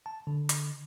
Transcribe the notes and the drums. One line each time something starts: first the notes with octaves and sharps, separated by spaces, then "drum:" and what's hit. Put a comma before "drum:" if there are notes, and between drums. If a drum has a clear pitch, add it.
A5
D3
drum: hi-hat